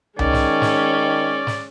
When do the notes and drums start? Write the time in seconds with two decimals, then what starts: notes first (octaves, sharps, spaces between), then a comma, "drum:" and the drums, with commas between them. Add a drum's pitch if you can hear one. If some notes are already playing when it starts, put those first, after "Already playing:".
0.19 D#3 G#3 C#4 D5, drum: tom C2
0.33 drum: snare
0.62 drum: snare
1.47 drum: snare